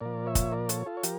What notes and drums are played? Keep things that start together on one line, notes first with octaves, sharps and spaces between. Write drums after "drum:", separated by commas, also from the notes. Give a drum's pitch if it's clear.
A#2 F3 A#4 D5
C#5 E5
drum: kick, hi-hat
A#4 D5
A4 C#5, drum: hi-hat
F4 A4
C#5
F3 G4 A#4, drum: hi-hat